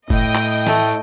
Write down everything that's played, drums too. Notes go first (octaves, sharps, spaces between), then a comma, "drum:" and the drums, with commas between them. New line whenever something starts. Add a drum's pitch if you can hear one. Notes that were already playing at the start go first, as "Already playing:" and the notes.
A2 D#5 G5, drum: kick F#1
drum: clap
A3, drum: snare E3